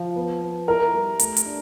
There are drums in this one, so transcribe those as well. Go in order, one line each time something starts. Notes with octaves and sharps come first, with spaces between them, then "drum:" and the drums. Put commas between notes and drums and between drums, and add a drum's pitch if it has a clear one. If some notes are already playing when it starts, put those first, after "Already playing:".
Already playing: F3
B3
B3
E4 A#4
G3
A3, drum: hi-hat
drum: hi-hat
D4